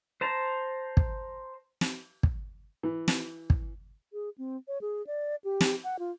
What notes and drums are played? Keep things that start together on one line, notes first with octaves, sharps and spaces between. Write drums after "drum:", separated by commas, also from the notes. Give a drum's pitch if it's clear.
C5 A5 A#5
drum: kick
drum: snare
drum: kick
E3
drum: snare
drum: kick
G#4
C4
C#5
G#4
D5
G4
drum: snare
F#5
F4